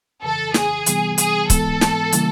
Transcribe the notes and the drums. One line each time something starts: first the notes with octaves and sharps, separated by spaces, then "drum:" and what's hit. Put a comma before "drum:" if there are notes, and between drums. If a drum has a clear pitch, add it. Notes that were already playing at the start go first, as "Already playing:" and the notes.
F2 C#3 E3 A4
G#4, drum: snare
C3 E3 G3 B3, drum: hi-hat
G#4, drum: hi-hat
G#2 E3 G#3 B3 A4, drum: kick C#1, hi-hat
drum: snare
C#3 E3 G3 A#3, drum: hi-hat